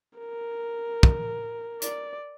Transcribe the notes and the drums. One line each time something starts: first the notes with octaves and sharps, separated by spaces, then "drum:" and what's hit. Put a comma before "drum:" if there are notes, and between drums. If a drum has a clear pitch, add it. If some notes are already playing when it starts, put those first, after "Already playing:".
A#4
drum: kick
D5, drum: hi-hat